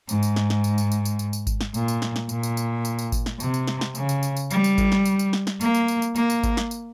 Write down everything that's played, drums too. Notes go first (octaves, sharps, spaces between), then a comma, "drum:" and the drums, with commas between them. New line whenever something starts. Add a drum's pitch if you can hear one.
G#2, drum: tambourine
drum: tambourine
drum: snare
drum: snare
drum: tambourine
drum: tambourine
drum: tambourine
drum: tambourine
drum: tambourine
drum: tambourine
drum: kick G#1, tambourine
drum: snare
A#2, drum: tambourine
drum: tambourine
drum: snare
drum: snare
A#2, drum: tambourine
drum: tambourine
drum: tambourine
drum: tambourine
drum: tambourine
drum: kick G#1, tambourine
drum: snare
C3, drum: tambourine
drum: tambourine
drum: snare
drum: snare
C#3, drum: tambourine
drum: tambourine
drum: tambourine
drum: tambourine
G3, drum: tambourine
drum: tambourine
drum: kick G#1, tambourine
drum: snare
drum: tambourine
drum: tambourine
drum: snare
drum: snare
A#3, drum: tambourine
drum: tambourine
drum: tambourine
drum: tambourine
A#3, drum: tambourine
drum: tambourine
drum: kick G#1, tambourine
drum: snare
drum: tambourine